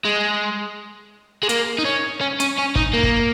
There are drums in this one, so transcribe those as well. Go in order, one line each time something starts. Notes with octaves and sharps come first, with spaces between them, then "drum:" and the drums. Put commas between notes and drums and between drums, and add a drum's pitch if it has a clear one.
G#3
G#3
A#3, drum: hi-hat
D#4
C#4
C#4
C#4, drum: hi-hat
C#4
D#4, drum: kick
A#3
drum: kick